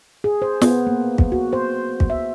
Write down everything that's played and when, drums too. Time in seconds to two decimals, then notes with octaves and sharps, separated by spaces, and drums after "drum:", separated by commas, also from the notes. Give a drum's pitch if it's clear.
0.24 G#4
0.42 C5
0.61 B3, drum: snare
0.87 A#3
1.18 drum: kick
1.32 F#4
1.53 C5
2.00 drum: kick
2.10 E5